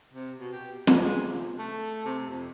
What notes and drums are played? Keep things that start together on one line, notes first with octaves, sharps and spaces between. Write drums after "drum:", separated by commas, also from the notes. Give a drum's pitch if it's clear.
C3
B2
G4
G2, drum: snare
G#3
C3
A3
C3
F2